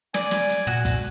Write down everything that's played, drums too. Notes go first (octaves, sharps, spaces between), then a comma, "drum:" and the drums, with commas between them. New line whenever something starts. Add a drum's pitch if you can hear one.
D5 G#5, drum: snare
drum: snare
drum: hi-hat
A#2 F#4
drum: kick, hi-hat